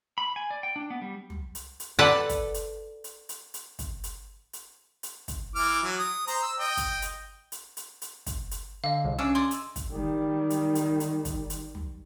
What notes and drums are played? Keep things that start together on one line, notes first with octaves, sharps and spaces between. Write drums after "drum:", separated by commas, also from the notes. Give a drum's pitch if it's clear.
B5
G#5
D5
G5
D4
B3
G3
drum: tom
drum: hi-hat
drum: hi-hat
A4 B4 D5 F#5
drum: kick, hi-hat
drum: hi-hat
drum: hi-hat
drum: hi-hat
drum: hi-hat
drum: kick, hi-hat
drum: hi-hat
drum: hi-hat
drum: hi-hat
drum: kick, hi-hat
E3 D6 F6
F#3
D#6
C5 A#5, drum: hi-hat
E6
D#5 G5
drum: kick, hi-hat
drum: hi-hat
drum: hi-hat
drum: hi-hat
drum: hi-hat
drum: kick, hi-hat
drum: hi-hat
D3 D#5 F5
C2
C#4 D4 G#4 E6
D5 D#5 G#5 C6
drum: hi-hat
drum: kick, hi-hat
D#3 G3
drum: hi-hat
drum: hi-hat
drum: hi-hat
drum: kick, hi-hat
drum: hi-hat
drum: tom